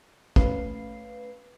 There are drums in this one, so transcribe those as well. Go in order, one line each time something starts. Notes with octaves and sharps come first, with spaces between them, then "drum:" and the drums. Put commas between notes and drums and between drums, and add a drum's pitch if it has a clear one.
A3 C#4 B4 F5 C7, drum: kick